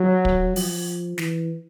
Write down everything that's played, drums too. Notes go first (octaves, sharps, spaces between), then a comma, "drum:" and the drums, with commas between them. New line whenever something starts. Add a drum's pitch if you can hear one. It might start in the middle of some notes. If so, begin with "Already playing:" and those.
Already playing: F#3
drum: kick
F3, drum: open hi-hat
E3, drum: snare